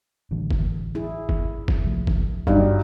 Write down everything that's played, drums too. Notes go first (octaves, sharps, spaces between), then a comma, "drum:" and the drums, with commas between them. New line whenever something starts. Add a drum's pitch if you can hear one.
A1 D3 F#3
drum: kick
E4 G#4
drum: kick
drum: kick
C2 F3 A3
drum: kick
G2 F#3 D#4 G4, drum: kick